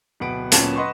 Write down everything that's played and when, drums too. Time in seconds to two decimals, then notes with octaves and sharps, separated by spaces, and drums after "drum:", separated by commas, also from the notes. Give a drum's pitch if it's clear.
0.20 D1 B2 B4 F#5 D7
0.51 D1 A#2 B3 C#4 A5 E7, drum: hi-hat
0.76 B4 D#5 F#5 C6 C#6